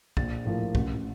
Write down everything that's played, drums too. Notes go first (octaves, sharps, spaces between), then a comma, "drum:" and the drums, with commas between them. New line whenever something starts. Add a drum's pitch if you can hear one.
A#1 A6, drum: kick
A2 F3 A#3
A1, drum: kick